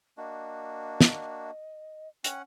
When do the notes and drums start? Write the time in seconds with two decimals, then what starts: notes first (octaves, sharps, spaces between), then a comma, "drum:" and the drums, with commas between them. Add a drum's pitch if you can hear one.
0.17 A#3 D4 F#4 D#5
1.01 drum: snare
2.24 C#4 F#5 G5, drum: hi-hat